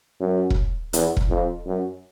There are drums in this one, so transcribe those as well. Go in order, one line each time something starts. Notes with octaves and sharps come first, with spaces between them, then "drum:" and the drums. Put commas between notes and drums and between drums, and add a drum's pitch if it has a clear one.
F#2
drum: kick E1
E2, drum: hi-hat
drum: kick E1
F2
F#2